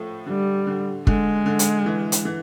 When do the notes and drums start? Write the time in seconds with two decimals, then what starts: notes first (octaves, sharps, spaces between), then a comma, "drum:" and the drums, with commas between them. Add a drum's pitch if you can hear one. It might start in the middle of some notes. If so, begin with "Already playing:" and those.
Already playing: A2 F3 A3
0.26 D3 G3
0.67 D3
1.07 D3 G#3, drum: kick
1.46 D3
1.59 drum: hi-hat
1.86 E3
2.12 drum: hi-hat
2.25 E3